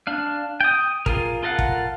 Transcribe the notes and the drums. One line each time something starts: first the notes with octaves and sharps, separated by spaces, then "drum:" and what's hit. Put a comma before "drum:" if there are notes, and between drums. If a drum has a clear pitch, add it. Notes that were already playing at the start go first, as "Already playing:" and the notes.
D4 F5
G5 D#6
F4 G#4 A#4, drum: kick
F4 A4 A#4 F5 F#5
drum: kick